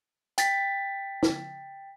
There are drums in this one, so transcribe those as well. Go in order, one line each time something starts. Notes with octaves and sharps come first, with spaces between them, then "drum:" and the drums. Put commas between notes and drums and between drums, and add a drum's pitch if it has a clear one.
G5 A6 B6, drum: hi-hat
drum: snare